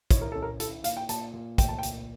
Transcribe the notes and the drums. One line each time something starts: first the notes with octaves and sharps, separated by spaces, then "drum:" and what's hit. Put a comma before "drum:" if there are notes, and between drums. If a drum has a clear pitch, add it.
E4 C#5, drum: kick, hi-hat
A#4
C#4 A4
A#4
E4 A4, drum: hi-hat
A#2 F5, drum: hi-hat
G5
A#2 A5, drum: hi-hat
A#2
A3 G5, drum: kick, hi-hat
A5
G5
A#2, drum: hi-hat